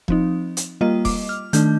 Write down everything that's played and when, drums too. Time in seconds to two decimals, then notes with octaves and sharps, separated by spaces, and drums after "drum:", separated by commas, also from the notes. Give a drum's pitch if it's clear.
0.08 F3 C4 D#4, drum: kick E1
0.57 drum: hi-hat
0.81 G3 A#3 F4 D#5
1.05 D6, drum: kick E1, open hi-hat
1.29 F6
1.53 D#3 A3 D4 G6, drum: hi-hat